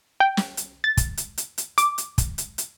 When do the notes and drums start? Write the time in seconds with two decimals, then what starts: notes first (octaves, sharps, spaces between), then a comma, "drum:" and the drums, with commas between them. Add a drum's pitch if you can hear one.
0.20 G5
0.37 drum: snare
0.57 drum: hi-hat
0.84 A6
0.97 drum: kick, hi-hat
1.17 drum: hi-hat
1.38 drum: hi-hat
1.58 drum: hi-hat
1.78 D6, drum: hi-hat
1.98 drum: hi-hat
2.18 drum: kick, hi-hat
2.38 drum: hi-hat
2.58 drum: hi-hat